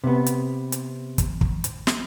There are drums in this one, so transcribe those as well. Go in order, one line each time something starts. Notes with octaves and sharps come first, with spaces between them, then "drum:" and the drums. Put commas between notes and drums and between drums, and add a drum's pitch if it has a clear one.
C3 B3
drum: hi-hat
drum: hi-hat
drum: kick, hi-hat
drum: kick
drum: hi-hat
drum: snare